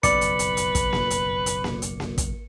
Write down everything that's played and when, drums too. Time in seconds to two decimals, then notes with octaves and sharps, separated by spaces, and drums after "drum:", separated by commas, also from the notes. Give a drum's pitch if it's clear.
0.03 F#1 B1 F2 B4 D5 C#7, drum: kick, hi-hat
0.21 drum: hi-hat
0.39 drum: hi-hat
0.57 drum: hi-hat
0.75 drum: kick, hi-hat
0.93 drum: snare A#3
1.10 drum: hi-hat
1.46 drum: hi-hat
1.64 drum: snare A#3
1.82 drum: hi-hat
2.00 drum: snare A#3
2.18 drum: kick, hi-hat